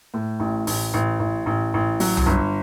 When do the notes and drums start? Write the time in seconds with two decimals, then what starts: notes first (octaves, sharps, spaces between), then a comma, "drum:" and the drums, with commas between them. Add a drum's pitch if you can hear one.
0.14 A2
0.40 A1
0.67 A1, drum: open hi-hat
0.94 A1
1.20 A1
1.46 A1
1.74 A1
2.00 F#3, drum: open hi-hat
2.17 drum: tom C2
2.26 G1